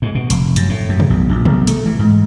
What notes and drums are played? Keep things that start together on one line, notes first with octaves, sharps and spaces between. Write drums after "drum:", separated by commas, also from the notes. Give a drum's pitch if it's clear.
G#2
B2
F1, drum: hi-hat
F#2, drum: hi-hat
A2
F#2
drum: tom
B1
A#1
B1, drum: tom
A3, drum: hi-hat
E3
G#2